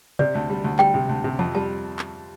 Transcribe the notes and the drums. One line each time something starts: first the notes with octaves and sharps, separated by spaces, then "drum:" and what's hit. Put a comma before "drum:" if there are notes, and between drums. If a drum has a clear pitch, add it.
C3 D5, drum: tom C3
D2
G3
D2
G3 G5, drum: clap
C3
D2
C3
F2 A5, drum: tom E3
G3 A5
drum: clap